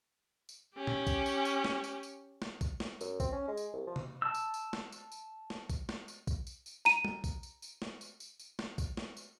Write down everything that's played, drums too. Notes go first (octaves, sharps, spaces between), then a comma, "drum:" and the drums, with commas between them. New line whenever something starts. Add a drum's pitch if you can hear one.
drum: tambourine
C#4 G4
drum: tom A2
drum: kick B1, tambourine
drum: tambourine
drum: tambourine
drum: snare
drum: tambourine
drum: tambourine
drum: snare
drum: kick B1, tambourine
drum: snare
F#2, drum: tambourine
C4, drum: kick B1, tambourine
C#4
G#3
drum: tambourine
C2
F3
drum: tom C3
A5 E6
drum: tambourine
drum: tambourine
drum: snare
drum: tambourine
drum: tambourine
drum: snare
drum: kick B1, tambourine
drum: snare
drum: tambourine
drum: kick B1, tambourine
drum: tambourine
drum: tambourine
A#5 D#7, drum: tambourine
drum: tom G3
drum: kick B1, tambourine
drum: tambourine
drum: tambourine
drum: snare
drum: tambourine
drum: tambourine
drum: tambourine
drum: snare
drum: kick B1, tambourine
drum: snare
drum: tambourine